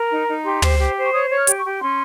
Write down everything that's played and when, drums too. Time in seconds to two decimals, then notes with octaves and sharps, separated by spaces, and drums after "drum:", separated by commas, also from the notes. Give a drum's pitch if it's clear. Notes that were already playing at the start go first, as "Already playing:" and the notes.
Already playing: A#4
0.11 D#4
0.28 D#4
0.45 G4 C6
0.62 C5, drum: tom
0.79 G4
0.96 C5
1.03 C#6
1.13 C#5 D#6
1.30 C#5
1.36 F6
1.47 G4, drum: hi-hat
1.58 C#6
1.64 G4
1.81 C#4 C6